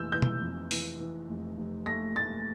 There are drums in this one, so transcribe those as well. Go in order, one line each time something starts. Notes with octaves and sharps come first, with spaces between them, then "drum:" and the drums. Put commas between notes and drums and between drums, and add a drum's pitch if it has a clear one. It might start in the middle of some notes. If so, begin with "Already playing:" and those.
Already playing: F1 E3 E6 G6
E3 G6
drum: tom
F2
E3, drum: open hi-hat
E3
F1
F1
A3 A#6
A3 A6